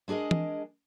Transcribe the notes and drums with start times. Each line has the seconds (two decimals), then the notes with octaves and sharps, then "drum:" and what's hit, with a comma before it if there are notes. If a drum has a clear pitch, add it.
0.08 G#3 D4 G#4 A#4 D#5
0.31 drum: tom E3